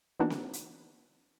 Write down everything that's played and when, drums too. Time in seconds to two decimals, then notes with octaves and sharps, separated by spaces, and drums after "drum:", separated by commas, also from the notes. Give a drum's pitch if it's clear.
0.20 E3 A#3 B3 D4 D#4 F#4
0.30 drum: snare C4
0.53 drum: hi-hat